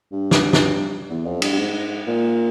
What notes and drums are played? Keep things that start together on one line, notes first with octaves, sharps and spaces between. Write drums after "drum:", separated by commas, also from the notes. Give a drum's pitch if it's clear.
G2
drum: snare
drum: snare
E2
F2
G2, drum: cymbal
G2
G#2
A#2